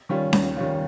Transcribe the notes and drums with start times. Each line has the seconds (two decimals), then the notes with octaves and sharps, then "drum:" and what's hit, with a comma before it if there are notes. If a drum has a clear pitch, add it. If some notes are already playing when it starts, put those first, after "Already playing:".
0.09 D#3 G3 C#4 F4
0.33 D#2, drum: snare C#4
0.56 D#3 G3 C#4 F4